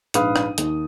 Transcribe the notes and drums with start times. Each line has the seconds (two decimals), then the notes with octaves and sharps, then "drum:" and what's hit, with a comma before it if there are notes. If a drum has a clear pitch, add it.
0.14 A#1 G#2 B4 F5 D#6, drum: hi-hat
0.36 drum: rim click
0.58 D#2, drum: hi-hat